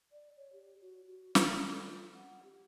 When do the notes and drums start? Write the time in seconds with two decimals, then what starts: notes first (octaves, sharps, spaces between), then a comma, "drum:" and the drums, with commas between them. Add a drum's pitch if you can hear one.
0.12 D5
0.37 C#5
0.53 G4
0.81 F#4
1.08 F#4
1.35 D5, drum: snare
1.69 A4
1.83 F4
2.14 F#5
2.43 G4